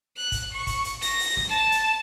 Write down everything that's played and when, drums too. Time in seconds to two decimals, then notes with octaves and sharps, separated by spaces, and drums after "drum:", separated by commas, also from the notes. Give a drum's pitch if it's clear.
0.17 F#6
0.32 drum: kick, hi-hat
0.52 C#6
0.67 drum: kick, hi-hat
0.84 drum: hi-hat
1.02 A#6, drum: hi-hat
1.19 drum: open hi-hat
1.37 drum: snare
1.49 A5
1.72 drum: hi-hat